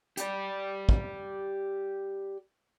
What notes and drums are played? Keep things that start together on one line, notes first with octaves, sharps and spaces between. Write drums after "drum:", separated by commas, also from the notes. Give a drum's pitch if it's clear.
G4 D5, drum: hi-hat
drum: kick